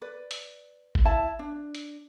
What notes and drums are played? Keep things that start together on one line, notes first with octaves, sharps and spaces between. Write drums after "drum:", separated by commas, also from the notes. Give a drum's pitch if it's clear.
B4 D5
drum: hi-hat
drum: kick G#1
E4 E5 A5
D4
drum: hi-hat